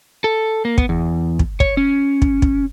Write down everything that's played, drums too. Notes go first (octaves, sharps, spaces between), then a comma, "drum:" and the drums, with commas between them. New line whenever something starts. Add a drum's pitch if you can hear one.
A4
A#3
B3, drum: kick
E2
drum: kick
C#5, drum: kick
C#4
drum: kick
drum: kick